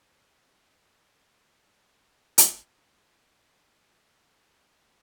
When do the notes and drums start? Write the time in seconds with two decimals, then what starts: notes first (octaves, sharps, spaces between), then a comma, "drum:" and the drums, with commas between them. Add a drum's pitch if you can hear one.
0.01 F#4
0.55 A3
1.42 E2
2.38 drum: hi-hat
3.23 E3 G#3